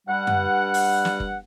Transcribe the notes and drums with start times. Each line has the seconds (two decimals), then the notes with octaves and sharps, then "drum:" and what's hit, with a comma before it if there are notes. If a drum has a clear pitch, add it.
0.07 G2 G3 F#5
0.27 drum: tom F#2
0.74 drum: open hi-hat
1.05 drum: snare
1.20 drum: kick